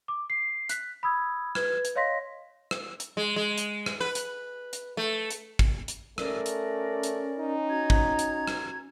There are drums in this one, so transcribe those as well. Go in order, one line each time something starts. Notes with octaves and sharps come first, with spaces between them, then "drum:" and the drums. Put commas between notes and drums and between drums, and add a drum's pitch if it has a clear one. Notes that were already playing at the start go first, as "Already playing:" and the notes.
D6
C7
F#6 B6, drum: hi-hat
B5 D#6 E6 G#6
B4 G#6, drum: rim click
drum: hi-hat
C#5 D#5 F5 C6 A#6 B6
drum: rim click
drum: hi-hat
G#3
G#3
drum: hi-hat
drum: rim click
B4
drum: hi-hat
drum: hi-hat
A3
drum: hi-hat
drum: kick
drum: hi-hat
A3 C#4 A#4 D5, drum: rim click
drum: hi-hat
drum: hi-hat
D#4
F#4 A#5 G#6
drum: kick
drum: hi-hat
drum: rim click